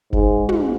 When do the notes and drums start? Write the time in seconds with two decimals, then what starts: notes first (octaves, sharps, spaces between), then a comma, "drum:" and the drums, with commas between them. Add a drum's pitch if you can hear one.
0.13 G#2, drum: kick F1
0.49 drum: tom